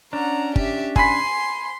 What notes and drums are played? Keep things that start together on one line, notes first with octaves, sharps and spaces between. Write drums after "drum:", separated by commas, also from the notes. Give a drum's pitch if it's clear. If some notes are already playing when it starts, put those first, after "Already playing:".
C#4 D4 F#5 A#5
G4 E5, drum: kick G1
G#5 B5 C6 B6, drum: kick G1